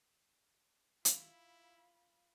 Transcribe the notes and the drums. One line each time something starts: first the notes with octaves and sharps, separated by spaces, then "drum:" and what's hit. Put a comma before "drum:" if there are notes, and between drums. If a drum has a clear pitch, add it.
E4 F4 B5, drum: hi-hat